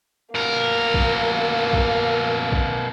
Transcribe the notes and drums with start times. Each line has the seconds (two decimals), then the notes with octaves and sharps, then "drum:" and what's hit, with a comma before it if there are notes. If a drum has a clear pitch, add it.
0.35 B2 A#3 A#4
0.94 drum: kick
1.73 drum: kick
2.52 drum: kick